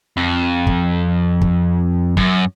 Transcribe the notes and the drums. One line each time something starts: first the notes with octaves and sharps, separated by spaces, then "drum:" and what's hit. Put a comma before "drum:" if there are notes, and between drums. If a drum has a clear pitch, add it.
F2
drum: kick
drum: kick
F#2, drum: kick